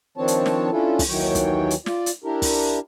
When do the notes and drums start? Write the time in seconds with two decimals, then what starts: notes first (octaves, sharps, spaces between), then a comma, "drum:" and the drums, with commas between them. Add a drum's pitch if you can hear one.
0.17 D#3 F3 C4 D4 C#5 A5
0.28 drum: hi-hat
0.46 drum: snare
0.71 C#4 D4 E4 F4 A4
0.99 drum: kick, open hi-hat
1.08 D#2 D#3 E3 F#3 C#5 G5
1.35 drum: kick, hi-hat
1.70 drum: hi-hat
1.86 F4 D5, drum: snare
2.06 drum: hi-hat
2.24 D4 E4 G4 A#4
2.42 drum: kick, open hi-hat